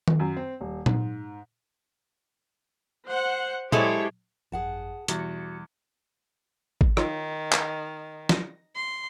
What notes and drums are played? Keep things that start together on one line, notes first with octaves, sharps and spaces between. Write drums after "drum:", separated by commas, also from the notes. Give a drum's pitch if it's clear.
drum: tom D#3
F#2
C4
D#1
G#2, drum: tom A#2
C5 F#5
G#3 E4 G4 A4 C5 C#5, drum: tom A#2
G#1 F#2 G#4 F#5 A5
E2 B2 G3 F#4 C#7, drum: hi-hat
drum: kick G#1
D#3 D#4 F4 C#5, drum: rim click
drum: clap
A#6, drum: snare
C6